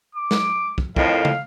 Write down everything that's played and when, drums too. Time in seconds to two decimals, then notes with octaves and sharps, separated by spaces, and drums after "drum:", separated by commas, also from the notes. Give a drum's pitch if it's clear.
0.15 D6
0.31 drum: snare
0.78 drum: kick
0.96 F2 A2 D#3 F5, drum: kick
1.25 drum: tom